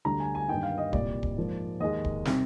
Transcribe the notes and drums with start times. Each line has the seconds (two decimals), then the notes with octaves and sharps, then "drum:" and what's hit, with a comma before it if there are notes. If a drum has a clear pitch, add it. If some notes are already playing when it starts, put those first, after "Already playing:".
0.05 D2 D3 G3 D4 A#5
0.20 G#5
0.35 G#5
0.48 G2 D#3 A#3 D#4 G5
0.63 F5
0.78 D#5
0.93 C2 A#2 G3 D5, drum: kick
1.23 drum: kick
1.37 G#2 F3 A#3
1.80 D#2 D#3 G#3 D#5
2.04 drum: kick
2.25 C3 G3 C4 D#4, drum: snare